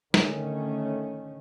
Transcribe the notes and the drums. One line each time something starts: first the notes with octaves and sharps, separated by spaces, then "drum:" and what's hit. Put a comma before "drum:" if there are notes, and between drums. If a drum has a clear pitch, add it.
D3 D#3 A3 C#4, drum: snare